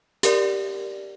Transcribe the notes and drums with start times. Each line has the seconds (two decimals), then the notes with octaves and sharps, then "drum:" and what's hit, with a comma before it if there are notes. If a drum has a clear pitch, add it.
0.23 G4 A#4 D5, drum: hi-hat